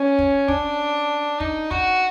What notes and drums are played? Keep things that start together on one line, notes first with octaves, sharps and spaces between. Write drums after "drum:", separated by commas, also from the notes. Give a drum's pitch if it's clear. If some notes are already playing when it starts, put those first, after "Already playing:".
Already playing: C#4
drum: kick
D4, drum: kick
D#4, drum: kick
F#4, drum: kick